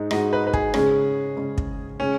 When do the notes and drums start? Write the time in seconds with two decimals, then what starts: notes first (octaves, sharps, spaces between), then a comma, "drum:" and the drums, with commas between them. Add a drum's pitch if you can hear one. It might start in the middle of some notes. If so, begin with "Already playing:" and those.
Already playing: G#2 G#3 D#4
0.11 G#2 G#3 D#4 F#4 D#5, drum: rim click
0.33 B4
0.47 B4
0.54 G#4, drum: kick
0.74 C#3 G#3 C#4, drum: rim click
1.37 C#3 G#3 C#4
1.58 drum: kick
2.00 C#3 G#3 C#4